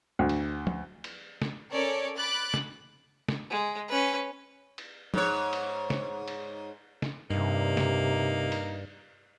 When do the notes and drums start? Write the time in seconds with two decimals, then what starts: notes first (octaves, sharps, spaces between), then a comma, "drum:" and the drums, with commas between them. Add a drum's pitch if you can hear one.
0.19 D2
0.29 drum: cymbal
0.67 drum: tom
1.04 drum: cymbal
1.42 drum: snare
1.71 C#4 A4 A#4 C#5 D5
2.16 B5 D6 F#6 A6
2.54 drum: snare
3.28 drum: snare
3.50 G#3
3.88 C#4 B4
4.78 drum: cymbal
5.14 G#2 C#5, drum: tom
5.53 drum: cymbal
5.90 drum: snare
6.28 drum: cymbal
7.02 drum: snare
7.30 G2 C3 A#3 D#4
7.77 drum: snare
8.52 drum: cymbal